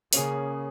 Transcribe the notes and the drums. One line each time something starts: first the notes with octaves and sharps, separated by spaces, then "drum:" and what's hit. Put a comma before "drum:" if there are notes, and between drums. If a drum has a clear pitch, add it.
C#3 A#3 C#4 G#4, drum: open hi-hat